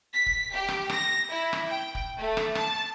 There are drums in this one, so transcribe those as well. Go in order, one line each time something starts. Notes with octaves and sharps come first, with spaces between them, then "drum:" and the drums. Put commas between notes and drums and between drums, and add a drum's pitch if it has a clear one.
B6
drum: kick
G4
drum: rim click
A#6, drum: rim click
E4
drum: rim click
G5
drum: kick
A3
drum: rim click
A5, drum: rim click